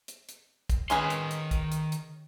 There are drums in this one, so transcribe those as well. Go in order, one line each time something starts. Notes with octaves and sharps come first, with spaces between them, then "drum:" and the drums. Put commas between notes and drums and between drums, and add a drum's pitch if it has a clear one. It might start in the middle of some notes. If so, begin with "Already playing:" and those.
drum: hi-hat
drum: hi-hat
drum: kick, hi-hat
D#3 C#4 G#4 B4 C6, drum: hi-hat
drum: hi-hat
drum: hi-hat
drum: kick, hi-hat
drum: hi-hat
drum: hi-hat